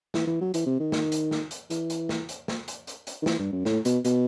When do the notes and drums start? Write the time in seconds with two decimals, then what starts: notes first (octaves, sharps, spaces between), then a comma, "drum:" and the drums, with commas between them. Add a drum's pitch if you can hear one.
0.14 E3, drum: snare
0.27 E3
0.41 F#3
0.54 E3, drum: hi-hat
0.66 C3
0.80 D#3
0.92 drum: snare
1.12 drum: hi-hat
1.31 drum: snare
1.51 drum: hi-hat
1.70 E3, drum: hi-hat
1.90 drum: hi-hat
2.09 drum: snare
2.29 drum: hi-hat
2.48 drum: snare
2.68 drum: hi-hat
2.87 drum: hi-hat
3.07 drum: hi-hat
3.22 D#3
3.26 E3, drum: snare
3.39 G2
3.52 F#2
3.65 A2, drum: snare
3.85 B2, drum: hi-hat
4.05 B2, drum: hi-hat